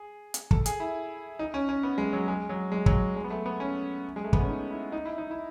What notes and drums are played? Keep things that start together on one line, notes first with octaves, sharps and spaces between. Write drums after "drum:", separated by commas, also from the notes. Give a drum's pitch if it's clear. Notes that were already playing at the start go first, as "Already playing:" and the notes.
Already playing: G#4
drum: hi-hat
A4, drum: kick
G#4, drum: hi-hat
E4
D#4
C#4
C#4
B3
G#3
F#3
G#3
F#3
G#3
F#3, drum: kick
G#3
B3
A3
B3
C#4
G#3
A3
B3, drum: kick
C#4
D#4
E4
D#4
E4
D#4
E4